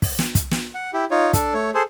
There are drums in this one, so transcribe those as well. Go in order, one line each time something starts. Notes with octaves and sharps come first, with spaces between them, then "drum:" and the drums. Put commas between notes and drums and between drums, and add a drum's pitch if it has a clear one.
drum: kick, open hi-hat
drum: snare
drum: kick, hi-hat
drum: snare
F#5
E4 G4
D#4 F4 C#5
D4 A4, drum: kick, hi-hat
A3 C#5
G#4 A4 C5